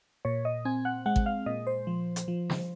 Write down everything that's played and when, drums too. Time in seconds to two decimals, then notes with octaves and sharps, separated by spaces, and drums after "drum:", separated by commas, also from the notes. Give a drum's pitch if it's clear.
0.25 A#2 C#5
0.45 D#5
0.65 C4 G#5
0.85 F#5
1.06 G#3 F#5
1.16 drum: kick
1.26 F5
1.46 A#2 D#5
1.67 C5
1.87 F3
2.16 drum: hi-hat
2.28 F3
2.50 drum: snare